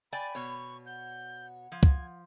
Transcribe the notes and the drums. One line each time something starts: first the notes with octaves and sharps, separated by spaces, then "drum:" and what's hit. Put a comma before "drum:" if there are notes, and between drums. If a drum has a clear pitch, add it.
D5 G5 G#5 B5 A6
B2 C#5 C#6
F#5 G6
F3 G#6
drum: kick